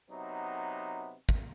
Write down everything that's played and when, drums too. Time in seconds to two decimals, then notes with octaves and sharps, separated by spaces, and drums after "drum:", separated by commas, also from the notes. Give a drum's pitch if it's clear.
0.10 C3 F#3 B3 D#4
1.29 drum: kick